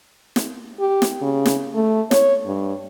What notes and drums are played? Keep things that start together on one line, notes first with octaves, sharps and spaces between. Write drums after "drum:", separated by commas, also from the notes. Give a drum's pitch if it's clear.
drum: snare
G4
drum: snare
C#3
drum: snare
A3
C#5, drum: snare
G2